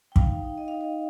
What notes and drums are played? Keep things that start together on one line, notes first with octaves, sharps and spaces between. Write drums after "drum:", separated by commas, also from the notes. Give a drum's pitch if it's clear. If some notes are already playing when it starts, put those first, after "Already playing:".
G5
D#4 F5, drum: kick
D#4
D#5
D#4 F5
D#5